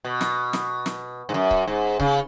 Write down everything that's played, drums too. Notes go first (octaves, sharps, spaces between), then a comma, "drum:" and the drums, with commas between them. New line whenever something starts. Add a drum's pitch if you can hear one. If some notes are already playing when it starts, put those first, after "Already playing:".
B2
drum: snare
drum: snare
drum: snare
G#2
F#2
drum: kick C#1
G#2
C#3, drum: kick C#1